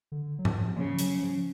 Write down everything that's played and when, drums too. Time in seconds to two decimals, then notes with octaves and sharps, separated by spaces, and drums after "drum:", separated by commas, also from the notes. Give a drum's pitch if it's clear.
0.12 D3
0.39 F#3
0.45 F3, drum: tom G#2
0.77 C#3 F3
0.99 F#3, drum: hi-hat
1.20 F3